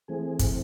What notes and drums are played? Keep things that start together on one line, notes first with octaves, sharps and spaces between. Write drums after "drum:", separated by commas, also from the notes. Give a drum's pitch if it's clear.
E3 A3 C4 G#4
drum: kick, hi-hat